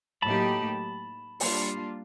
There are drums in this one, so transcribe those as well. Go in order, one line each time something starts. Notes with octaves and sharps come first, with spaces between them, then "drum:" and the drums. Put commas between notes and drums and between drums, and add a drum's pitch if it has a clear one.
A2 F#3 A#3 D#4 G4 A5 B5
G3 A#3 D4 F4, drum: open hi-hat